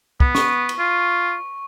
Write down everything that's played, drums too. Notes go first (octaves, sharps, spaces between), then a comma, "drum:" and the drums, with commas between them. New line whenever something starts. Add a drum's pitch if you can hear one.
B3, drum: kick
C#6, drum: snare
drum: cymbal
F4